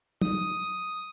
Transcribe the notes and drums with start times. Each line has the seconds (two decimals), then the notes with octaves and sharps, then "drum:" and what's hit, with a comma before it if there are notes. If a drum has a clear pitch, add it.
0.22 D#6, drum: tom